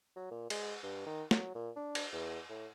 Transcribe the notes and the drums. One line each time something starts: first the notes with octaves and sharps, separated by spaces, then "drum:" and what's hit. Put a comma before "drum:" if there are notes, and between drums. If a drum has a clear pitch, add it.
F#3
A#2
G#3, drum: cymbal
G2
D#3
F#3, drum: snare
A#2
D4
drum: cymbal
E2
A2